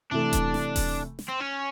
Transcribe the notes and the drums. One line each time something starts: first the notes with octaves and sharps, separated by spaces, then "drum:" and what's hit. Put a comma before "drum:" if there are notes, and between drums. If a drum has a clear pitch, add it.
C3 E3 A3 D4
drum: kick D#1, hi-hat
drum: snare
drum: kick D#1, open hi-hat
drum: snare
C4
C#4